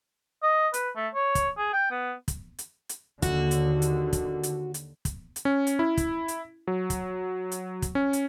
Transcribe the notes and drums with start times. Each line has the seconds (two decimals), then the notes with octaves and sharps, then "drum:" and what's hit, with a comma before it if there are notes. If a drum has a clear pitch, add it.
0.43 D#5
0.74 B4, drum: hi-hat
0.96 A3
1.14 C#5
1.35 drum: kick, hi-hat
1.57 G#4
1.73 G5
1.91 B3
2.28 drum: kick, hi-hat
2.59 drum: hi-hat
2.89 drum: hi-hat
3.22 D#2 D3 F#4, drum: kick, hi-hat
3.51 drum: hi-hat
3.82 drum: hi-hat
4.13 drum: kick, hi-hat
4.43 drum: hi-hat
4.74 drum: hi-hat
5.05 drum: kick, hi-hat
5.36 drum: hi-hat
5.45 C#4
5.67 drum: hi-hat
5.79 E4
5.97 drum: kick, hi-hat
6.28 drum: hi-hat
6.67 F#3
6.90 drum: kick, hi-hat
7.52 drum: hi-hat
7.82 drum: kick, hi-hat
7.95 C#4
8.13 drum: hi-hat